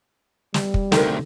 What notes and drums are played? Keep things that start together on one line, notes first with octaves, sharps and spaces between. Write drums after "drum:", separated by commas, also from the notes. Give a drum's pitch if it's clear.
G3, drum: snare
drum: kick
D2 C3 D#4 A4 A#4 C5 G5, drum: snare